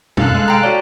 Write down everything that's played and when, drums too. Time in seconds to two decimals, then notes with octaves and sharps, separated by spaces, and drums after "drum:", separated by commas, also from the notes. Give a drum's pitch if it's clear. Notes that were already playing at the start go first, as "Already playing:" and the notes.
0.17 F#2 A4 F5 F#6, drum: tom B2
0.34 G#3
0.48 G5 A#5
0.64 F#4 C#5 D5